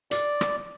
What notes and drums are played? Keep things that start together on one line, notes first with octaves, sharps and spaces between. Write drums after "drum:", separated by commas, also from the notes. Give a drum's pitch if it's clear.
D5, drum: hi-hat
drum: rim click